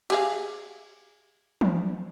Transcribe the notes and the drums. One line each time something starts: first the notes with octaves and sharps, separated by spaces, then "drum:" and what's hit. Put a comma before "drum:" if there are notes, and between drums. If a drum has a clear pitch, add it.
G4 G#4 F5, drum: cymbal
drum: tom